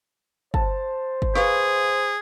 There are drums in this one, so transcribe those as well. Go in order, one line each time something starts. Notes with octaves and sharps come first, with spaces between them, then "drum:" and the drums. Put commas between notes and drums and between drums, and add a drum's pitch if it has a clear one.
C5 A5, drum: kick
drum: kick
G#4 B4 F5 C#6, drum: snare